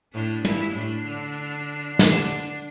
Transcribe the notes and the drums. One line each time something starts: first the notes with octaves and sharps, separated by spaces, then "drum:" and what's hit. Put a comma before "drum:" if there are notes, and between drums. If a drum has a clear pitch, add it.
A2 D4
G2 E4, drum: tom
A2 D4
D3
D3, drum: snare